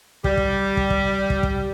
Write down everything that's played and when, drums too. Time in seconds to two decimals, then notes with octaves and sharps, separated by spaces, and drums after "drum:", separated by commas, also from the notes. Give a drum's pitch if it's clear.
0.24 G3, drum: kick
0.37 drum: kick
0.77 drum: kick
0.90 drum: kick
1.30 drum: kick
1.43 drum: kick